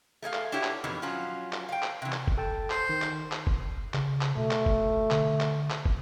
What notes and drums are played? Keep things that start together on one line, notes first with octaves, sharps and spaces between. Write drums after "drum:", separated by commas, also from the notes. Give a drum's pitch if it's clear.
A3 G#4 D#5 F5
drum: clap
D4 E4 F#4 G4 C#5
drum: clap
F2 B2 D#3 E3
F3 F#3 C#4 F4
drum: clap
F5 G5
drum: clap
C3 E3
drum: clap
drum: kick
A4 G5 A5
C5, drum: clap
D#3
drum: clap
drum: clap
drum: kick
C#3, drum: clap
drum: clap
B2 A3
drum: clap
drum: kick
D3, drum: clap
drum: clap
drum: clap
drum: kick